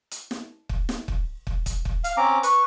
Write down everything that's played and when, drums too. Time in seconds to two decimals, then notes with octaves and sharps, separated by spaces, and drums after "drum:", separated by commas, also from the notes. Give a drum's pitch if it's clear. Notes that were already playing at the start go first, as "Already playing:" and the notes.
0.11 drum: hi-hat
0.31 drum: snare
0.69 drum: kick
0.89 drum: snare
1.08 drum: kick
1.47 drum: kick
1.66 drum: kick, hi-hat
1.85 drum: kick
2.04 F5, drum: hi-hat
2.17 C4 C#4 A#5 D6
2.43 B4 C#6, drum: hi-hat